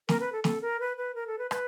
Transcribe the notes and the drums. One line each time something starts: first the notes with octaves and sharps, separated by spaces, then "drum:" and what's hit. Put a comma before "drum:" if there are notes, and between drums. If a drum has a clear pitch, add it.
A#4, drum: snare
B4
A4
A4, drum: snare
A#4
B4
B4
A#4
A4
B4
B4, drum: rim click